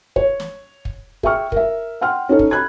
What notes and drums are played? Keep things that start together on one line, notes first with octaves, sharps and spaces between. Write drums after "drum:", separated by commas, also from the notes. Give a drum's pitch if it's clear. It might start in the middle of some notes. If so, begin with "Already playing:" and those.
C#5, drum: kick
drum: snare
drum: kick
G#4 E5 G5 C#6 F6, drum: kick
A#4 E5, drum: kick
F#5 G5 C6 F6
C#4 D#4 A4
drum: kick
B5 F#6 G#6